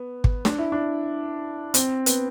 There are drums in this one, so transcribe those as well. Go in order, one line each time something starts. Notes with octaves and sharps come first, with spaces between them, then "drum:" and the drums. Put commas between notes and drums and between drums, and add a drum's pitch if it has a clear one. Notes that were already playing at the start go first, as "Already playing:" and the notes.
Already playing: B3
drum: kick
D4, drum: snare
E4
D4
C4, drum: hi-hat
B3, drum: hi-hat